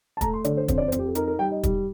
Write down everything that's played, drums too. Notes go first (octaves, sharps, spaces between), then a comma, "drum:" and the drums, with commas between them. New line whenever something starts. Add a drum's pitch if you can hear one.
A5
A3 A#5, drum: kick, hi-hat
C6
D3 D5, drum: hi-hat
C5
F2 C5, drum: kick, hi-hat
D5
C5
F2, drum: hi-hat
G4
A4
D#4 A#4, drum: hi-hat
A#4
G3 G5
D#5
G3, drum: kick, hi-hat